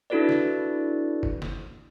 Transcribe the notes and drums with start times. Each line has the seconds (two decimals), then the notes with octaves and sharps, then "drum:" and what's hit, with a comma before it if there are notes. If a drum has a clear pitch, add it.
0.10 D4 E4 F#4 A4 B4 D5
0.29 drum: snare
1.23 drum: kick F#1
1.42 drum: snare